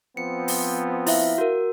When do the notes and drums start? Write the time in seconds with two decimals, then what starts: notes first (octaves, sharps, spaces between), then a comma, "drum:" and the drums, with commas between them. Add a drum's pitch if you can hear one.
0.17 F3 B3 C4 C#7
0.48 drum: open hi-hat
1.07 E4 E5 F5, drum: open hi-hat
1.38 F#4 A#4